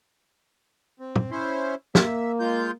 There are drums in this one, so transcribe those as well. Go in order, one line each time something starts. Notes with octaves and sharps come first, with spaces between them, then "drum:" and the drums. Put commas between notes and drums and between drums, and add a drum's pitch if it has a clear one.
C4
drum: tom A#2
C#4 E4 C5
A#3 E5, drum: snare
G#3 F4 G6